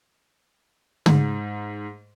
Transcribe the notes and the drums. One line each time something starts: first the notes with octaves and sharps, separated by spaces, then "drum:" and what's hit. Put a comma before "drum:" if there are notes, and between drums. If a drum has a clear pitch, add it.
G#2, drum: tom